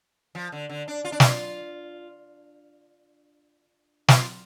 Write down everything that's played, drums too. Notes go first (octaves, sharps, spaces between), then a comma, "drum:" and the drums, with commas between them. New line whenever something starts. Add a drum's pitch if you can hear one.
F3
D3
D3
D4
F4
D4
F4, drum: snare
F4, drum: snare